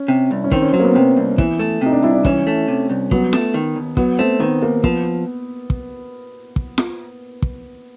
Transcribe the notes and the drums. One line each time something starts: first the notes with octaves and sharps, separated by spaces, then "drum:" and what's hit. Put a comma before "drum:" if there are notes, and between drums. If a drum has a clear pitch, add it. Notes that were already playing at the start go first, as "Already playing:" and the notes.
Already playing: C#4
C3
C2
C#4
D#3 C4, drum: kick
C#4
F#3 C4
A#3
B3
C3 B3
C2
E3, drum: kick
A3
C3 D#4
D4
C2 E4
D4
E3 C#4, drum: kick
A3
C3
C2
F#3 B3, drum: kick
A3, drum: snare
D#3
D#2
F#3 B3, drum: kick
A3 C4
D#3 B3
D#2 A#3
F3 B3, drum: kick
drum: kick
drum: kick
drum: snare
drum: kick